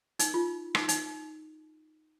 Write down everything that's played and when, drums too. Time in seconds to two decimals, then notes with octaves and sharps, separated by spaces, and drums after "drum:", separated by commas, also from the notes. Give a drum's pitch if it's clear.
0.19 D#4, drum: hi-hat
0.34 F4
0.75 D#4, drum: rim click
0.89 D#4, drum: hi-hat